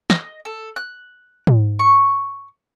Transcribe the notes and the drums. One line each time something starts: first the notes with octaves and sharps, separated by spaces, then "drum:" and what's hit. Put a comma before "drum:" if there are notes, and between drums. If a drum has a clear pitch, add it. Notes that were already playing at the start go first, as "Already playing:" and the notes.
D#5, drum: snare
A4
F#6
drum: tom
C#6